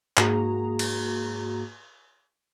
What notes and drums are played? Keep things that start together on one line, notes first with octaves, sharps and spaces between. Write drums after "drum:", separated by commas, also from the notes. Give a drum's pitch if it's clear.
G#2 A#3 F#4 G#4 A#5, drum: clap
drum: cymbal